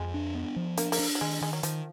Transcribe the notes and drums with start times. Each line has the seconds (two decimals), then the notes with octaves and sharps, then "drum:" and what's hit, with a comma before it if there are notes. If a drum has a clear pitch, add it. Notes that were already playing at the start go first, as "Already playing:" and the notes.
Already playing: F2 G#3
0.14 D4
0.35 B3
0.56 F3
0.77 A#3 D4, drum: hi-hat
0.92 A#3, drum: open hi-hat
0.99 D4
1.15 F#3
1.21 D#3 G#3
1.42 D#3 G#3
1.53 F#3
1.63 D#3 F3, drum: hi-hat